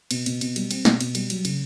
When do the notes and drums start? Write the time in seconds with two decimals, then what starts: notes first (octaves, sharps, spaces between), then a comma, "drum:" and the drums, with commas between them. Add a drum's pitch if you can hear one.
0.11 B2, drum: cymbal
0.26 B2, drum: cymbal
0.41 B2, drum: cymbal
0.56 G3, drum: cymbal
0.71 C4, drum: cymbal
0.85 B2, drum: snare
1.01 B2, drum: cymbal
1.15 G3, drum: cymbal
1.30 F#3, drum: cymbal
1.45 C#3, drum: cymbal